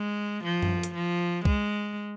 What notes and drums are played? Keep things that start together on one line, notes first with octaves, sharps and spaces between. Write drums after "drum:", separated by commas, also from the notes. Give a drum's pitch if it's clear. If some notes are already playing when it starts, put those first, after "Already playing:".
Already playing: G#3
F3
drum: tom F#2
drum: hi-hat
F3
G#3, drum: kick